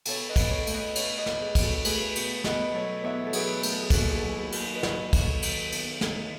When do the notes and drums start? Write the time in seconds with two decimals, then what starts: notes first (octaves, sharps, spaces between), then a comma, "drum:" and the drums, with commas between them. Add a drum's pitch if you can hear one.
0.05 B2 A4 C#5, drum: cymbal
0.29 B4 D#5
0.36 B2, drum: kick, cymbal
0.51 A4 C#5
0.67 A3, drum: cymbal
0.73 B4 D#5
0.96 B2 A4 C#5, drum: cymbal
1.18 B4 D#5
1.26 B2, drum: snare
1.40 G#4 B4
1.55 B2, drum: kick, cymbal
1.62 F#4 A4
1.85 A3 G#4 B4, drum: cymbal
2.15 B2, drum: cymbal
2.44 B2 B4 D#5, drum: snare
2.73 F#3 A4 C#5
3.04 E2 C#5 E5
3.27 A4
3.33 F#3 G#4 B4, drum: cymbal
3.63 A3 B4, drum: cymbal
3.73 A4
3.82 G#4
3.90 D#2 F#4 A4, drum: kick, cymbal
4.09 G#4
4.19 F#3 A4
4.28 E4 G#4
4.52 D#2 F#4 A4, drum: cymbal
4.75 B4 D#5
4.83 F#3, drum: snare
5.13 F#3, drum: kick, cymbal
5.19 A4 C#5
5.42 D#3, drum: cymbal
5.72 E2, drum: cymbal
6.01 D#3, drum: snare